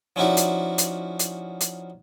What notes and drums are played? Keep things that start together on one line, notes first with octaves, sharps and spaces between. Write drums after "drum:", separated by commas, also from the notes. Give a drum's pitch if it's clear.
F3 C#4 D#4 E4 F#4 D5
drum: hi-hat
drum: hi-hat
drum: hi-hat
drum: hi-hat